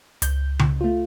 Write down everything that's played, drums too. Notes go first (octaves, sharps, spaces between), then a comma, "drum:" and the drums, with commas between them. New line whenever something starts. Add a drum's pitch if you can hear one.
C#2 G6, drum: hi-hat
drum: tom C#3
A3 F4